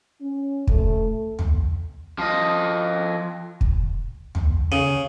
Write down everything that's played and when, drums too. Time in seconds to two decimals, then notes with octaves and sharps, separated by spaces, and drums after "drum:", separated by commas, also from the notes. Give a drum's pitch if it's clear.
0.20 C#4
0.67 A3, drum: kick
1.39 drum: tom
2.19 F3 D#5
3.61 drum: kick
4.35 drum: tom
4.72 C#3